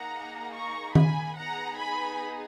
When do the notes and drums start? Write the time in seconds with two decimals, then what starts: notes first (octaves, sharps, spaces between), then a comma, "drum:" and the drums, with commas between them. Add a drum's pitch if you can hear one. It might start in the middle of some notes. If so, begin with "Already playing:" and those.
Already playing: A#3 D#4 G#4 F#5 A#5
0.54 A#5 C#6
0.95 G#5 B5, drum: tom D#3
1.37 B3 D#4 G#4 F#5 A#5
1.78 G#5 B5